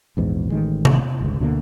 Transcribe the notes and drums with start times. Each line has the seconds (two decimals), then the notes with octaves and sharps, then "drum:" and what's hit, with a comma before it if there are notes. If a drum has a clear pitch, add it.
0.17 A#1 E2 G#2
0.50 A1 D#3 G#3
0.85 drum: tom C3
1.21 G1 C#2
1.40 D2 B2 D3 A#3